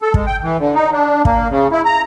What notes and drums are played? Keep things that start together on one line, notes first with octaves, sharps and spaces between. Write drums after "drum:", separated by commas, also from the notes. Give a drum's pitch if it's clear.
A4
G#3, drum: kick
G5
E3
D3
D#4
D4
A#3, drum: kick
C#3
E4
A#5